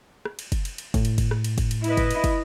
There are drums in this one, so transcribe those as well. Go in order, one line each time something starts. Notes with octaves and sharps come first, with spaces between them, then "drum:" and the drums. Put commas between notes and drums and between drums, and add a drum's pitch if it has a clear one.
drum: rim click
drum: cymbal
drum: kick, cymbal
drum: cymbal
drum: cymbal
A2, drum: kick, cymbal
drum: cymbal
drum: kick, cymbal
drum: rim click
drum: cymbal
drum: kick, cymbal
drum: cymbal
E4 B4 D#5, drum: cymbal
drum: kick, cymbal
drum: cymbal
drum: kick, cymbal